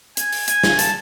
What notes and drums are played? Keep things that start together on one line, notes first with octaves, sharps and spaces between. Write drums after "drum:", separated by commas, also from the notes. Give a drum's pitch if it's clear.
G#5, drum: hi-hat
drum: open hi-hat
G#5, drum: hi-hat
drum: snare
A5, drum: hi-hat